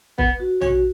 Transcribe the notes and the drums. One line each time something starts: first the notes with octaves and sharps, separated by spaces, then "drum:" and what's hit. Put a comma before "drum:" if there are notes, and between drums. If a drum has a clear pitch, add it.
B3 B4, drum: kick
F#4
C#4 F#4, drum: tom